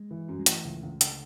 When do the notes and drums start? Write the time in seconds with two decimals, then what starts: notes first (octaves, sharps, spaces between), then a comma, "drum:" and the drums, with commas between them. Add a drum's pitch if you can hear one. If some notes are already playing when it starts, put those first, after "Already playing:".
Already playing: G#3
0.11 E3
0.28 F#2
0.39 G#3
0.46 E3 A3, drum: hi-hat
0.65 C#2
0.83 C#2
1.01 D3, drum: hi-hat